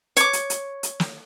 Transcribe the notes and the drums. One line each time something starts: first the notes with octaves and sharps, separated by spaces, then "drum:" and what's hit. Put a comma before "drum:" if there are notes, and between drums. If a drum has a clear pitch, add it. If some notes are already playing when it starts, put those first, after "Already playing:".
C#5 D6, drum: hi-hat
drum: hi-hat
drum: hi-hat
drum: hi-hat
drum: snare